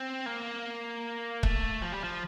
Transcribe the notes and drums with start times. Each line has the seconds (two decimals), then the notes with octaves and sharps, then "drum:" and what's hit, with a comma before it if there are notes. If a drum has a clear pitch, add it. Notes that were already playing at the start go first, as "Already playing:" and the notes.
Already playing: C4
0.26 A#3
1.43 A3, drum: kick C#1
1.82 F3
1.92 G3
2.04 F3